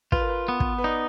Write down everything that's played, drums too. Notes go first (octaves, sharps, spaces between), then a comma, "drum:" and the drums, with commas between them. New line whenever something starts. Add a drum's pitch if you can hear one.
F4 B4, drum: kick
A#4
B4
B3
drum: kick
B4
D#4 D5